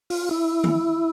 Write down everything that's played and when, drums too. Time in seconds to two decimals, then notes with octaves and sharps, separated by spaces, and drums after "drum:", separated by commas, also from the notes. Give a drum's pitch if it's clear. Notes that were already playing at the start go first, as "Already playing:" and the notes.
0.10 F4, drum: open hi-hat
0.31 E4
0.64 drum: tom D#3